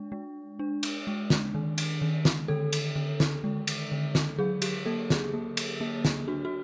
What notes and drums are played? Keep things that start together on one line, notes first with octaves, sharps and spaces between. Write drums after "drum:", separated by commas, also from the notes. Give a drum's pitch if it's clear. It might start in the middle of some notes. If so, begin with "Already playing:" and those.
Already playing: G#3 D4
G#3
D4
drum: cymbal
G#3
drum: snare
D#3
drum: cymbal
D#3
drum: snare
D3 A4
drum: cymbal
D3
drum: snare
G#3
drum: cymbal
D3
drum: snare
F#3 G#4
G4, drum: cymbal
A#3 A4
G#4, drum: snare
A#3
drum: cymbal
A#3
drum: snare
D4 F#4
F#4